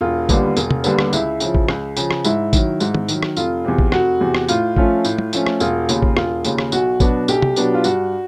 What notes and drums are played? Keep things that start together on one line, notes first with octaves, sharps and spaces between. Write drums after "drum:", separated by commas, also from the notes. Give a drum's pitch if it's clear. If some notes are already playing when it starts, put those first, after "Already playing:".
E1 F4
D#2 D3 G3 B3, drum: kick A1, tambourine
E1, drum: tambourine
drum: tom
D#2 D3 G3 B3, drum: tambourine
drum: rim click
C#2 E4, drum: tambourine
C#3 F3, drum: tambourine
drum: kick A1
C#2, drum: rim click
C#3 F3, drum: tambourine
drum: rim click
G#2 E4, drum: tambourine
D#3 F#3, drum: kick A1, tambourine
G#2, drum: tambourine
drum: tom
D#3 F#3, drum: tambourine
drum: rim click
F1 F4, drum: tambourine
E2 C3
drum: kick A1
F1 F#4, drum: rim click
E2 C3
drum: rim click
A2 F4, drum: tambourine
F3 A3 C#4 F4, drum: kick A1
A2, drum: tambourine
drum: tom
F3 A3 C#4, drum: tambourine
drum: rim click
E1 F4, drum: tambourine
D#2 C#3, drum: tambourine
drum: kick A1
E1 F4, drum: rim click
D#2 C#3, drum: tambourine
drum: rim click
B1 F#4, drum: tambourine
B2 F#3 B3 D4, drum: kick A1, tambourine
B1 G4, drum: tambourine
drum: tom
B2 F#3 B3 D4, drum: tambourine
F4
G2 F#4, drum: tambourine